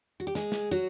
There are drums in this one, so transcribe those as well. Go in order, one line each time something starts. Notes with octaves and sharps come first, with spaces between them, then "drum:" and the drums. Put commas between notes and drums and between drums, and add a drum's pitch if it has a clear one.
F#4
G4
G#3 G#4, drum: snare
drum: snare
F#3 F#4